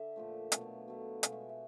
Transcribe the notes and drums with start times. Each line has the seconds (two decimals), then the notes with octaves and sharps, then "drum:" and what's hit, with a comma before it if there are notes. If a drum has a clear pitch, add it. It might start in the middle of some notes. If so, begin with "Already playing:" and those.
Already playing: D3 E5
0.16 A#2 F3 A3
0.52 B2 F#3 A3 F5, drum: hi-hat
0.88 B2 F#3 A3
1.23 B2 G#3 F5, drum: hi-hat
1.31 E5
1.41 D#5
1.49 E5